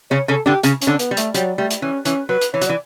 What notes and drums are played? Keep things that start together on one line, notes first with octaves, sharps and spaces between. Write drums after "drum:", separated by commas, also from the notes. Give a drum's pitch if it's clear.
C#3 C#4 C#5
C#3 C#4 A4
D3 D4 G4
C#3 C#4, drum: hi-hat
C#4, drum: hi-hat
D3 D4
B3, drum: hi-hat
G3
A3, drum: hi-hat
F#3 G3, drum: hi-hat
G3 A3
drum: hi-hat
E3 C#4
E3 C#4, drum: hi-hat
F#3 B4
drum: hi-hat
E3 C#5
F#3, drum: hi-hat
E3 D5